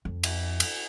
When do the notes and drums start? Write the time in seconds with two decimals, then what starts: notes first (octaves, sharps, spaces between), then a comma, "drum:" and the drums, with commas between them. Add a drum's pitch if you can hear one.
0.05 F2
0.23 drum: cymbal
0.60 drum: cymbal